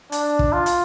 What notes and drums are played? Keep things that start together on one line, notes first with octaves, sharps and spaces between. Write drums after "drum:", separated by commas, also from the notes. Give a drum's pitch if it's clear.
D4, drum: hi-hat
drum: kick
F4
drum: hi-hat